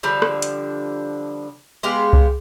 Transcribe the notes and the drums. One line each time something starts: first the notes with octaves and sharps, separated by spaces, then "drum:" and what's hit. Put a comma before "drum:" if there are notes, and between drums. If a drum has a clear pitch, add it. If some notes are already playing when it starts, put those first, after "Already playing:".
D3 F3 G3
drum: rim click
drum: hi-hat
G#3 B3 G4 F5
drum: kick C2